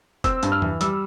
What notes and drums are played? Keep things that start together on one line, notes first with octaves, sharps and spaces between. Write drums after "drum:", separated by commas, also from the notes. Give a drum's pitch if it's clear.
C4 E6, drum: kick, hi-hat
G2, drum: hi-hat
F6
E3, drum: tom E2
G3 E6, drum: hi-hat